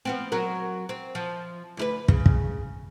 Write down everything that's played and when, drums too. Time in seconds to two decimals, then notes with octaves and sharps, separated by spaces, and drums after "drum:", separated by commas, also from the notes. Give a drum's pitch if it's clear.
0.05 F3 B3 C4
0.32 F#3 F#4 A#4
0.89 C4
1.15 F3
1.77 D2 E4 B4
2.08 C#3, drum: kick
2.26 drum: kick